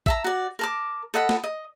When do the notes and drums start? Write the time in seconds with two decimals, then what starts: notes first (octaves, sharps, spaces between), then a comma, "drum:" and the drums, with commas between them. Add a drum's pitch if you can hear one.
0.06 E5 A5 A#5, drum: kick
0.24 F#4 D5
0.59 A#4 A5 D6
1.14 A4 D#5 F#5 B5
1.29 drum: snare
1.44 D#5